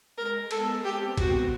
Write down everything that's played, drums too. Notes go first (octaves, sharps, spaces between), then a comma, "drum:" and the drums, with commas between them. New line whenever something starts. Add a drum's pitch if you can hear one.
G#3 A#4
B3 A4, drum: cymbal
C4 G4
B3 F#4, drum: kick G#1, cymbal